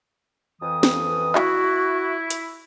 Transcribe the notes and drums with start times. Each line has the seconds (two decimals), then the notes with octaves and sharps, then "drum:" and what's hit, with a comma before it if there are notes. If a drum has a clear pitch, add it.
0.61 F2 E3 D#6
0.83 drum: snare
1.35 E4 F#4, drum: clap
2.30 drum: hi-hat